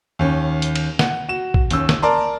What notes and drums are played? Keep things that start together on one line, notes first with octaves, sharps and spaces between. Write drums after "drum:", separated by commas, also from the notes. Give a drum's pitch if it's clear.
D#2 C#4
drum: hi-hat
drum: cymbal
F#5, drum: snare
F#4 E7
drum: kick A#1
D#2 C#4 E6, drum: hi-hat
drum: snare
A#4 D5 A5 A#5 C6